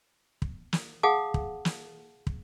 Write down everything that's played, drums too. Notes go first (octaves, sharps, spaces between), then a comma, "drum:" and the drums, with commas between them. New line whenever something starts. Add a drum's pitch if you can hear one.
drum: kick
drum: snare
G#4 F5 F#5 A5 D#6
drum: kick
drum: snare
drum: kick